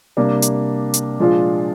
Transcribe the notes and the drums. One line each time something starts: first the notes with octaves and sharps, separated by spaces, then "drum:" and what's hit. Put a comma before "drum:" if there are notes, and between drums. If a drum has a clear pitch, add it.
C3 G3 A#3 D4
drum: hi-hat
drum: hi-hat
A#2 F3 G#3 D4 F4